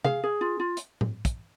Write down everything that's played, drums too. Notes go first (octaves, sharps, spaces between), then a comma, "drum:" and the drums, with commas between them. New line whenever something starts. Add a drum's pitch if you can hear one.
G#4 F5, drum: tom C3
G#4
F4
F4
drum: hi-hat
drum: tom A2
drum: kick, hi-hat